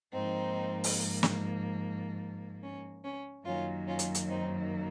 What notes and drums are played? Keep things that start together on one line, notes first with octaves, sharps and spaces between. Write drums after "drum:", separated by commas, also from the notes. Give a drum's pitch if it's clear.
G#2 F3 A#3 C4 D#4
drum: open hi-hat
drum: snare
C#4
C#4
F#2 D#3 F#3 A#3 C#4 F4
C#4 F4
drum: hi-hat
drum: hi-hat
C4 D#4